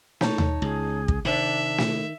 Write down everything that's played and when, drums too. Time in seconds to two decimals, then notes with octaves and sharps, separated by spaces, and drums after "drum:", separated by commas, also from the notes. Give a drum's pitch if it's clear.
0.21 D#4 C#5 A5, drum: snare
0.38 drum: tom D#2
0.62 C#2 G#4
1.08 drum: kick
1.25 C3 D#3 D4 E5
1.78 drum: snare